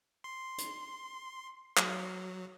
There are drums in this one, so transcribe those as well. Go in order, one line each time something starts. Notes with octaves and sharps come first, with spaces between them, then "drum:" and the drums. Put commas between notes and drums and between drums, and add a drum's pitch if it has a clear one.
C6
drum: hi-hat
F#3, drum: clap